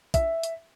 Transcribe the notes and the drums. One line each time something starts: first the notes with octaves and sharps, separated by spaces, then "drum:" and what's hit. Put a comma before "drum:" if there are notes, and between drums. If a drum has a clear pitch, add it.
E5, drum: kick, hi-hat
drum: hi-hat